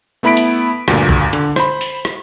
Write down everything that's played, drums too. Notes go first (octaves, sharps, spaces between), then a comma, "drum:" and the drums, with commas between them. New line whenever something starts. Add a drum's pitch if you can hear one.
A3 B3 E4 B5 B6 D7
drum: hi-hat
D2 G2 A#2, drum: rim click
drum: kick
D3, drum: hi-hat
C5 B5, drum: rim click
drum: open hi-hat
drum: rim click